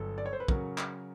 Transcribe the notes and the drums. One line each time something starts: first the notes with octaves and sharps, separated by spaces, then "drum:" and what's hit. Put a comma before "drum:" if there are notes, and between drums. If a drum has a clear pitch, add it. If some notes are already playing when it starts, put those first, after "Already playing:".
Already playing: G1 G2 F#3 A4
D5
C#5
C5
B4
C#3 F#3 A#4, drum: kick
drum: clap